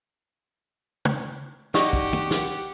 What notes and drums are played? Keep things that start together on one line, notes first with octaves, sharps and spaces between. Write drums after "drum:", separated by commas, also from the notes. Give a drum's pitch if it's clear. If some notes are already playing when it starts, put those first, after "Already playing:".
drum: tom
D#4 F#4 G4 D5 F#5 C#6, drum: snare
drum: kick
drum: tom
drum: snare